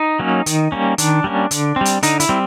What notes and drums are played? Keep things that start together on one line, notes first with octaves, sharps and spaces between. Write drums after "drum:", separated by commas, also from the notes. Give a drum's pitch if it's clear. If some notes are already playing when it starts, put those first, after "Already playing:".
Already playing: D#4
F#3 A#3 C#4
D#3, drum: hi-hat
G3 A#3 C#4
D#3 D4, drum: hi-hat
G3 A#3 C#4
D3, drum: hi-hat
G3 C4
drum: hi-hat
D3 D#4, drum: hi-hat
E4, drum: hi-hat
G3 C4